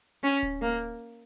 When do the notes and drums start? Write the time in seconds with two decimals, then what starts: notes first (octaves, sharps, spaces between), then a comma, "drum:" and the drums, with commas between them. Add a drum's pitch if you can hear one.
0.23 C#4
0.43 drum: kick D1, hi-hat
0.62 A#3, drum: hi-hat
0.80 drum: hi-hat
0.98 drum: hi-hat